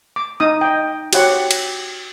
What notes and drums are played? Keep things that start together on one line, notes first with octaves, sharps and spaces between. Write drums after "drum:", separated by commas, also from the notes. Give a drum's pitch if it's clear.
D6
D#4 D#6
D#5 G5
F#4 G4 C5 C#5 F#5, drum: cymbal
drum: cymbal